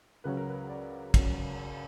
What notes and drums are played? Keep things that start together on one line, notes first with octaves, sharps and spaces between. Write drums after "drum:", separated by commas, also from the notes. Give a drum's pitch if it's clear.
C#2 C#3 F#3 C#4 B4
A#4
B4
D5
C#2 C#3 F#3 C#4, drum: kick, cymbal